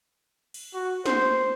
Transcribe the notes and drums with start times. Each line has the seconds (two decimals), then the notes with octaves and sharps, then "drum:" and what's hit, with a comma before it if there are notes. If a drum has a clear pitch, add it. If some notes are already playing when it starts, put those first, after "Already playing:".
0.54 drum: cymbal
0.74 F#4
1.06 C5, drum: snare